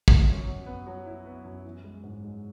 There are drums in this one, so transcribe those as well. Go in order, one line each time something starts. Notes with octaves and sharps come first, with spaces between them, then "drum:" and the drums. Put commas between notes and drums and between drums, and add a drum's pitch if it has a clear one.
B3, drum: kick
F#2
F#3
B3
F#3
E4
B3
F#2
E3
G#3
G#2
G#3